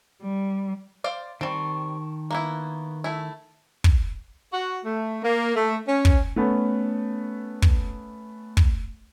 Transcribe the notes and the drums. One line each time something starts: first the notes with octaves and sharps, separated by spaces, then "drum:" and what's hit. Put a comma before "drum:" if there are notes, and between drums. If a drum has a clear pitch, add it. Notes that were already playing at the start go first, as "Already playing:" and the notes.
G3
C5 D5 F5
D#3 G3 C4 A5 C#6
A#3 B3 E4
A3 E4
drum: kick
F#4
A3
A#3
A3
C#4
drum: kick
A3 B3 C#4
drum: kick
drum: kick